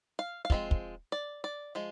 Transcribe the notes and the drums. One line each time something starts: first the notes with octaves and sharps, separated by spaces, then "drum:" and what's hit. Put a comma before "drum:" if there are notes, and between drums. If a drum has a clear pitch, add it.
F5
F5
F3 G#3 C4, drum: kick
drum: kick
D5
D5
F3 G#3